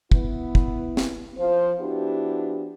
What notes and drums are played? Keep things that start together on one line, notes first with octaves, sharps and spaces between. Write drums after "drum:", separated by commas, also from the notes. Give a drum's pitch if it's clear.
B3 E4, drum: kick
drum: kick
drum: snare
F3 C5
F3 B3 D4 E4 F#4 G4